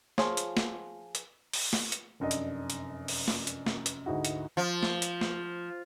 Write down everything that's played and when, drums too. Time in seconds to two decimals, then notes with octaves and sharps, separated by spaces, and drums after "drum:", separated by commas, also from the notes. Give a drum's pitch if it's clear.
0.18 F3 F4 G#4 C#5, drum: snare
0.37 drum: hi-hat
0.57 drum: snare
1.15 drum: hi-hat
1.53 drum: open hi-hat
1.73 drum: snare
1.92 drum: hi-hat
2.20 F1 F#2 D4 D#5
2.31 drum: hi-hat
2.70 drum: hi-hat
3.08 drum: open hi-hat
3.28 drum: snare
3.47 drum: hi-hat
3.66 drum: snare
3.86 drum: hi-hat
4.06 D2 G#2 D#4 E4 F#4
4.25 drum: hi-hat
4.57 F3
4.83 drum: snare
5.02 drum: hi-hat
5.21 drum: snare